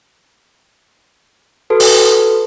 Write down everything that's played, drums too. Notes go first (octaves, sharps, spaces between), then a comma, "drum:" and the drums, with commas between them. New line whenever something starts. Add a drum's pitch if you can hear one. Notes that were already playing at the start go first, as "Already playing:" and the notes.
F#4 A4 B4
drum: open hi-hat